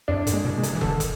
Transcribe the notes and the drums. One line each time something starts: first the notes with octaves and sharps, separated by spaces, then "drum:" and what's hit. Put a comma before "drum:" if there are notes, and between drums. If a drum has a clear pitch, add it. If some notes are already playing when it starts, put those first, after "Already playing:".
F2 D4
G#2, drum: hi-hat
G#3
B2
G#3
C3, drum: hi-hat
E3
D3 A4, drum: kick
drum: kick, hi-hat